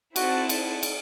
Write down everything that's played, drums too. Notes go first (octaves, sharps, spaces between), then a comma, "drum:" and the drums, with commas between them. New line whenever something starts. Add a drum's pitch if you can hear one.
C4 E4 F#4 C5 F#5 A5, drum: cymbal
drum: cymbal
drum: cymbal